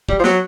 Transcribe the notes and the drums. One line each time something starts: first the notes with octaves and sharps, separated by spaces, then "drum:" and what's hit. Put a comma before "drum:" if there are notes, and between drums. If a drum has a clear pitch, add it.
G3, drum: kick
F3
F#3, drum: snare